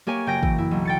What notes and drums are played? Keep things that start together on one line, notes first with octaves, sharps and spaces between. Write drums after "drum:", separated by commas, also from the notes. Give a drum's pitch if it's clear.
A#3 G4 C#5 G#5
F#1 G5 G6 A#6 D7
E3, drum: kick
E4, drum: tom F2
B1
G5 A6 C#7